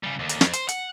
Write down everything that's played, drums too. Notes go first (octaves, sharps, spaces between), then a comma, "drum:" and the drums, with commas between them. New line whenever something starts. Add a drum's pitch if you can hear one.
C#3 G3
D#2 D3
drum: hi-hat
F2, drum: snare
C5, drum: hi-hat
F#5, drum: hi-hat